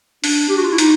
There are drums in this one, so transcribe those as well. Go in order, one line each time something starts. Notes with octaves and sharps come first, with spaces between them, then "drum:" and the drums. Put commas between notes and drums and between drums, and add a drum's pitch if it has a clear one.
D4, drum: open hi-hat
G4
F#4
F4
E4
D#4, drum: hi-hat